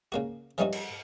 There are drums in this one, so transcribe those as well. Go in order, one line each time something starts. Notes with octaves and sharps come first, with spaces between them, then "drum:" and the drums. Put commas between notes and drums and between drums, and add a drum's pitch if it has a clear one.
C#3 A#3 F#4
E3 F3 G3 C#4 D#4 F#4
drum: cymbal